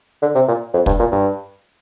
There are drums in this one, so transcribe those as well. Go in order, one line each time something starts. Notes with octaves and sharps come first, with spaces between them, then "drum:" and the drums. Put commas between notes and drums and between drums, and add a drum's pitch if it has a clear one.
D3
C3
A#2
F2
G2, drum: kick
A#2
G2